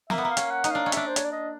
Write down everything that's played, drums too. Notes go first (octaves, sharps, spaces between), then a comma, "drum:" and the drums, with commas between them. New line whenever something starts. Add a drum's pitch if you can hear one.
A#3 E5, drum: snare
B3
A#3
F5
C#4, drum: hi-hat
F#5
D#4, drum: hi-hat
D4 F5
C#4
D4 E5, drum: hi-hat
C5
C#5, drum: hi-hat
D5
D#5